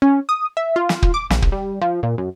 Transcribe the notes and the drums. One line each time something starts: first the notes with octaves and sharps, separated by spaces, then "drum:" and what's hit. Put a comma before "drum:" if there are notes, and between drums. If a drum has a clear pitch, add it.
C#4
D#6
E5
F4
drum: snare
drum: kick
D6
A#1, drum: snare
drum: kick
G3
F3
A#2
F#2